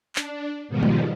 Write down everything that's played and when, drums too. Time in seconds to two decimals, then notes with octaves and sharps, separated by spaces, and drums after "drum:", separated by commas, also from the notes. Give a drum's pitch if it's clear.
0.16 D4, drum: clap
0.68 G#2 B2 D#3 F3 G3 G#3
0.83 drum: tom